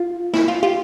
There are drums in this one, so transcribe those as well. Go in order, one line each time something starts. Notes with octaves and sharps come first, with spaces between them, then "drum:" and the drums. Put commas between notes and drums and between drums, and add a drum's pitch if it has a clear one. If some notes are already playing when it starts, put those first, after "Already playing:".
Already playing: F4
E4, drum: snare
F4
F4 G4